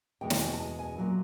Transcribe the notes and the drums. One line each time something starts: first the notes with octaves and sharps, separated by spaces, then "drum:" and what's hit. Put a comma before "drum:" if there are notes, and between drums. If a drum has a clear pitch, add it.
E2 B2 G#3 G5
drum: snare
G#5
A5
G#5
G#5
A#2 F#3 A3